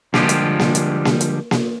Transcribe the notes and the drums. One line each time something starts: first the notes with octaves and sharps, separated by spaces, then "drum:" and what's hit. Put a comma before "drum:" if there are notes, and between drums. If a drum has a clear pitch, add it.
D3 F3 G3 G#3 F4 G4, drum: snare A#3
drum: hi-hat
drum: snare A#3
drum: hi-hat
drum: snare A#3
drum: hi-hat
drum: snare A#3